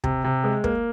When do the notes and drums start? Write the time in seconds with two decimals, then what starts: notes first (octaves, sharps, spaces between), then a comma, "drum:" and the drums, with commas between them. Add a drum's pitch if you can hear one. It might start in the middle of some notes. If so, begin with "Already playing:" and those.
0.04 C3, drum: kick
0.24 C3
0.44 G#3
0.64 A#3, drum: kick